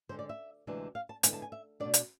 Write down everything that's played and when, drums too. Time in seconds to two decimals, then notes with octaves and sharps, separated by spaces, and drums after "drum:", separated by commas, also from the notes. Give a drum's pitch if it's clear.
0.09 D3 G#3 C4 C5
0.19 D5
0.29 E5
0.67 D2 C3 E3 G#3 D4
0.95 F5
1.09 A5
1.23 D3 G#3 B3 E4 G#5, drum: hi-hat
1.33 A5
1.42 G#5
1.52 E5
1.80 B2 A3 D4 D5
1.94 drum: hi-hat